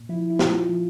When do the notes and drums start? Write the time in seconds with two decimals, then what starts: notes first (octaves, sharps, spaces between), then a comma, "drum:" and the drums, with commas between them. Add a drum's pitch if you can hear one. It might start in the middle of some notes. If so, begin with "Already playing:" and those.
Already playing: A#2
0.09 F3 E4
0.24 F3
0.30 E4
0.39 A#2 F4, drum: snare
0.54 A#2
0.69 F3